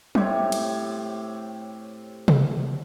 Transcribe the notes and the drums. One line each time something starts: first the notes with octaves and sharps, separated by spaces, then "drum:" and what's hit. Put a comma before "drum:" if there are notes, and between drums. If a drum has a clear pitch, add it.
A2 C4 G4 C#5, drum: tom
drum: cymbal
drum: tom C3